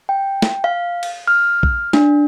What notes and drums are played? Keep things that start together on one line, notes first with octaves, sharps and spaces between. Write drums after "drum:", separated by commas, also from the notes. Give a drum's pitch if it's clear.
G5
drum: snare
F5
drum: cymbal
F6
drum: kick A#1
D4, drum: snare